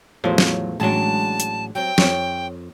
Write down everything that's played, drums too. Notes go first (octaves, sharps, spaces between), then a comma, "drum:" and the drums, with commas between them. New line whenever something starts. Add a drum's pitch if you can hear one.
E2 A2 F3 F#3 C5
drum: snare
A1 F#3 G#3 D4 A5
drum: hi-hat
F#3 C4 G5
F2 C#5, drum: snare